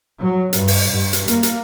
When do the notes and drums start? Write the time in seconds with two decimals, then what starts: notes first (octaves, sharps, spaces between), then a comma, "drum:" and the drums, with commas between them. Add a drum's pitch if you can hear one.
0.20 F#3
0.53 G2, drum: hi-hat
0.68 drum: open hi-hat
0.91 G2
1.13 drum: hi-hat
1.28 A#3, drum: hi-hat
1.43 drum: hi-hat